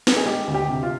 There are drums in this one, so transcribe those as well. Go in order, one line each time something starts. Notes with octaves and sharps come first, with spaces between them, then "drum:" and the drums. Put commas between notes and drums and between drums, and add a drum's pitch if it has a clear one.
drum: snare
G#4
G#3 G4
D2
G4
C3
F4